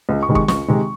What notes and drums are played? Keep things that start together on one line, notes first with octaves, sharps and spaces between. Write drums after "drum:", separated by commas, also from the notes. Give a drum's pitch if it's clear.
C#2
C#6
C3 D#3 G#3
C#6, drum: kick
C#2 C#6, drum: snare
C3 D#3 G#3